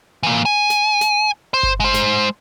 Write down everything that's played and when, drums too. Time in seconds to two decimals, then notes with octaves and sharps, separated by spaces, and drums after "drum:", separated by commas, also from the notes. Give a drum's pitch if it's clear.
0.23 E3 A#3
0.45 G#5
0.70 drum: snare
1.01 drum: snare
1.54 C5
1.63 drum: kick G1
1.80 G#3 C5
1.94 drum: snare